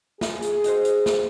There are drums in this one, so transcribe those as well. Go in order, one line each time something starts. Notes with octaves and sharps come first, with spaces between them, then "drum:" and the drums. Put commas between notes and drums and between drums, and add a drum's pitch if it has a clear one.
F4 G#4, drum: snare
drum: hi-hat
D#4 F#4 C5, drum: hi-hat
drum: hi-hat
drum: snare